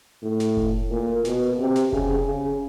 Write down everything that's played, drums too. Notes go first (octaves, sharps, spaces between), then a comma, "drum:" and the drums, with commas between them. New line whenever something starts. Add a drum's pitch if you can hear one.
A2
drum: snare
drum: kick F1
A#2
B2, drum: snare
C3
drum: snare
C#3, drum: kick F1
C#3